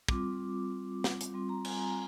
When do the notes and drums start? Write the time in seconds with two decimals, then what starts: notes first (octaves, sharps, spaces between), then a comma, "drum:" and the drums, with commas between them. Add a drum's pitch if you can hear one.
0.08 G3 C4 F4 D6, drum: kick
1.04 drum: snare
1.21 drum: hi-hat
1.34 G3 C4 F4 C6
1.49 A#5
1.65 G#5, drum: cymbal
1.81 A#5